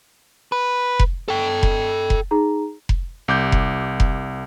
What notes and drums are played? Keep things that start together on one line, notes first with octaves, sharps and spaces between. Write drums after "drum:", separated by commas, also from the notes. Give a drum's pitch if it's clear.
B4
drum: kick F1
A4 G5
drum: kick F1
drum: kick F1
D#4 G#4 A#5
drum: kick F1
C2 D6 G6
drum: kick F1
drum: kick F1